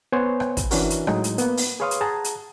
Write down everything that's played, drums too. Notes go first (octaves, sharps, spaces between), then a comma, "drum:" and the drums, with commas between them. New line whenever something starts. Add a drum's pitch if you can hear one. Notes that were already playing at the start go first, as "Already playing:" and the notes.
B3 C5 C#5 G#5
drum: rim click
drum: kick, hi-hat
E3 C#4 D4 F#4 A#4, drum: open hi-hat
drum: hi-hat
A2 F#3 G#3 D#4, drum: rim click
drum: hi-hat
A#3 B3, drum: hi-hat
drum: open hi-hat
G#4 B4 C#5 F5 C6 D#6
drum: hi-hat
G#4 F#5 A5 A#5
drum: hi-hat